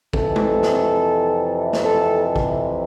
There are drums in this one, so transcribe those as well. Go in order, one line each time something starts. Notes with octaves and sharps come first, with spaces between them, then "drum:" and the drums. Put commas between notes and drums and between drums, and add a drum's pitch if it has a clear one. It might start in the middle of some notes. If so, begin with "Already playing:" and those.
F2 C3 E3 A4, drum: kick
drum: tom G#3
drum: snare
drum: snare
A4
drum: kick